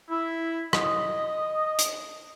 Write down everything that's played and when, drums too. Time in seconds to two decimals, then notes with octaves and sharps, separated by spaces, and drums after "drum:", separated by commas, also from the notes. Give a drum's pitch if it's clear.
0.10 E4
0.73 D#5, drum: rim click
1.79 drum: hi-hat